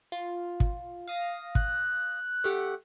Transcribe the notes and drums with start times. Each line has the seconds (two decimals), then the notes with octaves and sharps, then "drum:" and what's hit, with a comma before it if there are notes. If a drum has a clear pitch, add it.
0.12 F4
0.60 drum: kick
1.08 F5 D#6 A#6
1.55 F#6, drum: kick
2.44 A3 G4 F#5